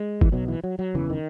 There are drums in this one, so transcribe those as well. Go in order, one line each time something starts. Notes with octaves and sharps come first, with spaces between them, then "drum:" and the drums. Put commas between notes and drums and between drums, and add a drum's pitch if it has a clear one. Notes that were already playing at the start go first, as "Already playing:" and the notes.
Already playing: G#3
E3, drum: kick
B1 B2 F#3
E3
F#3
F#3
F#1 E2 C#3 E3
D#3